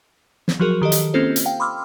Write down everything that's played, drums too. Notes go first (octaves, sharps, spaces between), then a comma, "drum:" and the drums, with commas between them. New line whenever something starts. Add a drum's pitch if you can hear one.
drum: snare
F3 F#3 F#4 G#4 A#4
D#3 G4 A4 D#5
drum: hi-hat
A#3 C4 C#4 F4 A4 C5
drum: hi-hat
F5 G5
B5 C6 D6 E6 F6